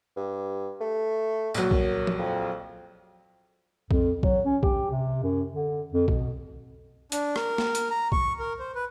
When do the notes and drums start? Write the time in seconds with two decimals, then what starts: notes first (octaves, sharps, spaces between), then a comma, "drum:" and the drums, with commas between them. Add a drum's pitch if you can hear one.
0.17 G2
0.81 A3
1.54 A#1 F#3, drum: tambourine
1.71 F#2, drum: kick B1
2.07 drum: tom F3
2.19 F2
3.91 F2, drum: kick B1
4.23 F#3, drum: kick B1
4.45 C#4
4.63 G4, drum: kick B1
4.91 C3
5.23 F#2
5.54 D3
5.92 F2
6.08 B2, drum: kick B1
7.12 D4, drum: hi-hat
7.36 A#4, drum: rim click
7.58 drum: snare
7.75 drum: hi-hat
7.90 A#5
8.12 C#6, drum: kick B1
8.39 A#4
8.59 C5
8.75 B4